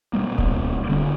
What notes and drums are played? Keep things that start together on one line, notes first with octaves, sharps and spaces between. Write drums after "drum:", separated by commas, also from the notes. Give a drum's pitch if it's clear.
B2 G3 A#3
drum: kick D1
D3 G3 A#3 C#4